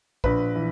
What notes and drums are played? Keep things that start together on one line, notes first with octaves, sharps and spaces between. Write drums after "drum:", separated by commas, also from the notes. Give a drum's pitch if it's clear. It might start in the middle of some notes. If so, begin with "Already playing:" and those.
A#1 B4, drum: kick A#1
E3